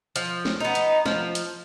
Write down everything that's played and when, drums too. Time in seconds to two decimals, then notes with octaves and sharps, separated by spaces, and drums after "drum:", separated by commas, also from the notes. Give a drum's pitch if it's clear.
0.16 F3, drum: hi-hat
0.45 drum: snare
0.60 B3 D#4
0.75 drum: hi-hat
1.06 F3, drum: snare
1.35 drum: hi-hat